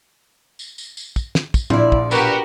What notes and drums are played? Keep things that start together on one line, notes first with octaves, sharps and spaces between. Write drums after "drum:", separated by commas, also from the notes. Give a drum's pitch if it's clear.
drum: tambourine
drum: tambourine
drum: tambourine
drum: kick, tambourine
drum: snare
drum: kick, tambourine
A#1 F3 E4 D5, drum: tom A2
drum: kick
B2 G3 F#4 G4 A#4 B4, drum: tambourine